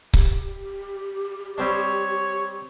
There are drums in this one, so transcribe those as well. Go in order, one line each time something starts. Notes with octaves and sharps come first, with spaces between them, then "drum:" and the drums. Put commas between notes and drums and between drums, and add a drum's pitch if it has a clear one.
G4, drum: kick C#1
G3 C4 D4 C#5